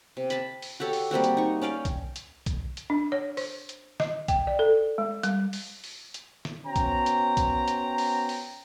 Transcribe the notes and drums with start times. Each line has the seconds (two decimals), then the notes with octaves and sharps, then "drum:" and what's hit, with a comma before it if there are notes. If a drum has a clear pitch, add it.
0.17 C3
0.30 A5 B5, drum: hi-hat
0.62 drum: open hi-hat
0.80 F#4 G4 A4 C#5
0.93 drum: open hi-hat
1.11 G3 A#3 C4 F#4
1.24 drum: hi-hat
1.37 D#4 C#6
1.61 C#4 D5 F5 G5
1.85 drum: kick, hi-hat
2.16 drum: hi-hat
2.46 drum: kick, hi-hat
2.77 drum: hi-hat
2.90 D4
3.12 C#5
3.37 C5, drum: open hi-hat
3.69 drum: hi-hat
4.00 D#5, drum: snare
4.28 G5, drum: kick, hi-hat
4.47 D5
4.59 A4
4.98 G#3
5.23 G3, drum: hi-hat
5.53 drum: open hi-hat
5.84 drum: open hi-hat
6.14 drum: hi-hat
6.45 drum: snare
6.66 B3 C#4 F#4 C5 G5 A#5
6.76 drum: kick, hi-hat
7.06 drum: hi-hat
7.37 drum: kick, hi-hat
7.68 drum: hi-hat
7.98 drum: open hi-hat
8.29 drum: open hi-hat